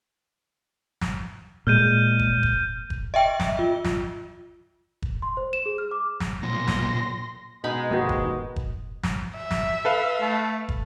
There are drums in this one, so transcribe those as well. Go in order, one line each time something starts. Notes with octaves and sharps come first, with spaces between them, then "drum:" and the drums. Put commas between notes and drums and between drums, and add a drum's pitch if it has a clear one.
drum: snare
A#2 G#3 F6 G6 D#7
drum: kick
drum: kick
drum: kick
D#5 E5 G5
E5, drum: snare
F4
drum: snare
drum: kick
C6
C5
E7
G#4
F6
D6
drum: snare
B1 A#2 C6 A#6
drum: snare
B2 G#3 D#4 B5
G#2 C3 D#3 A#3 F#4 B4
drum: kick
drum: kick
drum: snare
E5
drum: snare
A4 B4 F5
A3
drum: kick